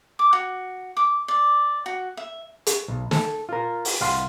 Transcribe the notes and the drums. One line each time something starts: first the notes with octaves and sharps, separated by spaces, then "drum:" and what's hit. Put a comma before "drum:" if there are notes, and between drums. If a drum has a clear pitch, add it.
D6
F#4
D6
D5
F#4
E5
drum: hi-hat
B1
A4, drum: snare
F4 A#4
drum: open hi-hat
C2 F5 F#5 C6